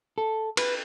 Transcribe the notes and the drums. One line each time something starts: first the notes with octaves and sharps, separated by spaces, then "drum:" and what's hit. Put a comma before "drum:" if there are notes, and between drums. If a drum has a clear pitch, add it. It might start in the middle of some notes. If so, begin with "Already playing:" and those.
A4
B4, drum: cymbal